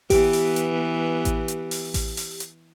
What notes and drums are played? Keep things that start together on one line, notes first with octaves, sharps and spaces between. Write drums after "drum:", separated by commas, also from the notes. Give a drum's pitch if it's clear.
E3 B3 G4, drum: kick A1, open hi-hat
drum: open hi-hat
drum: hi-hat
drum: kick A1, hi-hat
drum: hi-hat
drum: open hi-hat
drum: kick A1, open hi-hat
drum: open hi-hat
drum: hi-hat